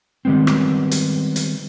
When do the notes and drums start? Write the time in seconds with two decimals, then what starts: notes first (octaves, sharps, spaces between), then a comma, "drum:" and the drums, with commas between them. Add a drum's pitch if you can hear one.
0.25 D#3 G3 G#3 B3 C4
0.47 drum: rim click
0.91 drum: hi-hat
1.36 drum: hi-hat